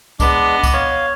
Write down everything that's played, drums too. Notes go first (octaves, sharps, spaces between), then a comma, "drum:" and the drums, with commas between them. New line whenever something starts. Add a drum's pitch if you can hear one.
G#3 B3 D4 D#5 D6, drum: kick, tambourine
drum: kick, tambourine
C#5 F5